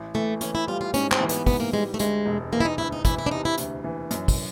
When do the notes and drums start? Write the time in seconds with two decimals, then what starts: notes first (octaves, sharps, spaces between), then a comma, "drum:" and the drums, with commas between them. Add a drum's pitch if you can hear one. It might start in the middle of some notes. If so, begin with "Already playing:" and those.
Already playing: A1
0.15 E3 A3
0.41 E3 C#4, drum: hi-hat
0.55 E4
0.67 G3 F4
0.81 F4
0.94 G#2 C#4, drum: hi-hat
1.12 C4, drum: clap
1.21 E3
1.29 B3, drum: hi-hat
1.46 G#2 B3, drum: kick, open hi-hat
1.60 A#3
1.73 G3 G#3
1.94 A3
1.99 D2 G#3, drum: hi-hat
2.26 E1
2.52 E3 A#3
2.60 E4
2.65 D#4
2.78 D2 E4
2.92 D#4
3.05 E3 E4, drum: kick, hi-hat
3.18 E4
3.26 D4
3.31 C3 D#4
3.45 E4
3.58 D2, drum: hi-hat
3.84 E3
4.11 F#2, drum: hi-hat
4.28 drum: kick, open hi-hat